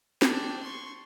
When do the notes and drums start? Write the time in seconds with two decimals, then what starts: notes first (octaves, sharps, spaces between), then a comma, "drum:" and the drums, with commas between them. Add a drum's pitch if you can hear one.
0.22 D4 G5, drum: snare
0.62 C6 C#6